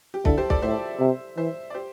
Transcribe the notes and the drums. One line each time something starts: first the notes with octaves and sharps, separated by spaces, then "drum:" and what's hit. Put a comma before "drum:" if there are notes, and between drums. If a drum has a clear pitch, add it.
G4
D3 E4 A4, drum: kick
G4 C5
A4 D5, drum: kick
A2 C5 E5
C3
E3 C5 E5
D5
G4 C5